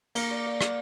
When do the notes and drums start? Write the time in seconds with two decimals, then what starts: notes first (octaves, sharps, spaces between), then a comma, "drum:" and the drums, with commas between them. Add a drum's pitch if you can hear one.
0.15 A#3 F5, drum: cymbal
0.31 D5
0.46 F5
0.61 F5, drum: rim click